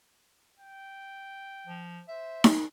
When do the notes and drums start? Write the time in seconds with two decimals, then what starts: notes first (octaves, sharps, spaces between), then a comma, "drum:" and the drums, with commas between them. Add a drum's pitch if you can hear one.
0.59 G5
1.67 F3
2.09 C5 E5
2.44 drum: snare D#4